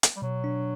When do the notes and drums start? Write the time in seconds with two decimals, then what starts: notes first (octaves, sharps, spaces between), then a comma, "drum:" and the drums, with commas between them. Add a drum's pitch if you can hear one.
0.03 drum: hi-hat
0.16 G3
0.22 B2 F#3
0.44 D4